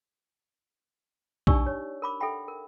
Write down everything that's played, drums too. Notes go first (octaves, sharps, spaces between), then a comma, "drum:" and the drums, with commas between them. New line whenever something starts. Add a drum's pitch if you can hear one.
D4 D#4 G4 D5 C#6 E6, drum: kick B1
C#5
A#4 B5 D6
A4 E5 F#5 G5 B5
A#4